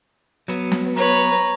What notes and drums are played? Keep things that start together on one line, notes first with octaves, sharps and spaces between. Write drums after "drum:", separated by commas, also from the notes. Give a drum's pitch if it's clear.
F#3 B3, drum: hi-hat
drum: snare
B4 C#5 A#5, drum: hi-hat